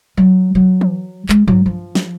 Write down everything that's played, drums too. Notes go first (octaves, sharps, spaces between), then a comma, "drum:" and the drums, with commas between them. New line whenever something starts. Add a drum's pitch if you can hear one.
F#3
F#3
drum: tom E3
G#3, drum: clap
F#3, drum: tom G2
F3
drum: snare